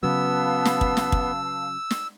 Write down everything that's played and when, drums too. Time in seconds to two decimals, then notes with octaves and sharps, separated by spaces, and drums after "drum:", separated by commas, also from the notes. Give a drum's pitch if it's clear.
0.03 C#3 F#3 B3 B4 F5 A5 E6
0.65 drum: snare
0.81 drum: kick
0.97 drum: snare
1.12 drum: kick
1.91 drum: snare